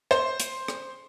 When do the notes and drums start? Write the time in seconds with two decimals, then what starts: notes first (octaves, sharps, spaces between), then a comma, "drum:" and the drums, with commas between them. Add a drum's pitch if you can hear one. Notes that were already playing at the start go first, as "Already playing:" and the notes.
0.11 C5, drum: rim click
0.40 drum: hi-hat
0.68 drum: rim click